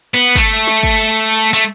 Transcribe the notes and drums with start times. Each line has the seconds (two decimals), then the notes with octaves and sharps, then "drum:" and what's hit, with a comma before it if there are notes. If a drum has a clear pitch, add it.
0.14 B3
0.36 A3, drum: kick
0.67 drum: snare
0.83 drum: kick
1.53 A3